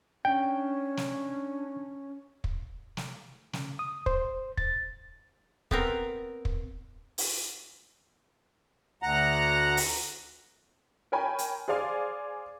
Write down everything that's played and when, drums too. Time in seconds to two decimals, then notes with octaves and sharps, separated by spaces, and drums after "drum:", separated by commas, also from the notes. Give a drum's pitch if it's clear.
0.25 C#4 D4 G5
0.97 drum: snare
2.44 drum: kick
2.97 drum: snare
3.53 C#3, drum: snare
3.79 D#6
4.06 C5, drum: kick
4.57 A6, drum: kick
5.71 B3 C4 A#4, drum: kick
6.45 drum: kick
7.18 drum: open hi-hat
9.03 D2 F#5 A#5
9.77 drum: open hi-hat
11.12 A#4 C#5 G5 G#5 B5
11.38 drum: hi-hat
11.68 G#4 C5 D5 F5 G#5